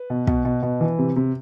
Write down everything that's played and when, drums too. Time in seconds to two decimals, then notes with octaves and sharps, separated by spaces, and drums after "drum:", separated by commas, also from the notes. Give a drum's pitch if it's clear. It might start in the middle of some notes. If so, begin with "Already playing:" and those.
Already playing: B4
0.10 B2
0.27 B2, drum: kick
0.45 B2
0.63 B2
0.81 E3
0.99 C3
1.16 C3